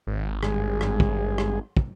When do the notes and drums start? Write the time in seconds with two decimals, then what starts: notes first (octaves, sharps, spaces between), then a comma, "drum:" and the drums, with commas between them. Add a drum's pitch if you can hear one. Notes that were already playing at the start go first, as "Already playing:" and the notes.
0.07 G#1
0.43 G2 G#3 G#4, drum: rim click
0.81 drum: rim click
1.00 drum: kick
1.38 drum: rim click
1.77 drum: kick